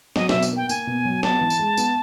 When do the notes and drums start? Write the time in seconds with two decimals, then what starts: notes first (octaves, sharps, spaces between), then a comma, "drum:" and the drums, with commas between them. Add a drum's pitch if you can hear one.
0.16 F#3 D#5, drum: snare
0.29 B2 E5, drum: snare
0.43 drum: tambourine
0.52 A#3 G5
0.69 A#3 G#5, drum: tambourine
0.87 B2
1.05 F#3
1.23 B3 A5, drum: snare
1.41 E3
1.50 drum: tambourine
1.59 G#3
1.77 B3, drum: tambourine